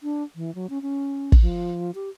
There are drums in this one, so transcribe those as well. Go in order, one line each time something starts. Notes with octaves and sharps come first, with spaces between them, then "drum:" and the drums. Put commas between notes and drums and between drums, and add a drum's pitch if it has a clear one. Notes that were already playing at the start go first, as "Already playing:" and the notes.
D4
E3
F#3
C#4
C#4
drum: kick
F3
G4